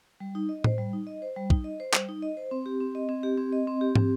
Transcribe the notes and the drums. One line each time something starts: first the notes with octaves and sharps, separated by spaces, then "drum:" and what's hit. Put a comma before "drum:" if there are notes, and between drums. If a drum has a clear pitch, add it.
G3
D#4
D#5
C5, drum: tom A2
G3
D#4
D#5
C5
G3
D#4, drum: kick
D#5
C5
G3, drum: clap
D#4
D#5
C5
C4
G4
C4
D#5
C4
G4
C4
D#5
C4
G4
C4, drum: tom